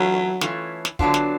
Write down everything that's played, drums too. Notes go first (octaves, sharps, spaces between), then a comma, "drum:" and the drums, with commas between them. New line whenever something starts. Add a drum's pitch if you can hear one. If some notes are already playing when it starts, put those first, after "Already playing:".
Already playing: E3 F#3 A3 C#4 F4
E3 A3 C#4 F4, drum: snare
drum: snare
D3 F#3 B3 D4 F4, drum: kick
drum: snare